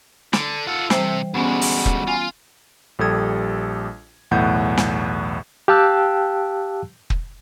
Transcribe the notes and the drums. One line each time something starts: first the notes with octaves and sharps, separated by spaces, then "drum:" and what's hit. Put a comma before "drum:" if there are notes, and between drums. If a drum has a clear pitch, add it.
D3, drum: snare
F4 A4 F#5 F#6
C3 E3 G3 C5, drum: snare
D2 G3 G#3 B3 C#4 F#4
drum: open hi-hat
drum: kick
F4 G#5
A#1 G3 G4 A4 D#6 G#6
B1 E2 A2 F#5 G6
drum: snare
G4 F5 G5 A5 E6 F#6
drum: kick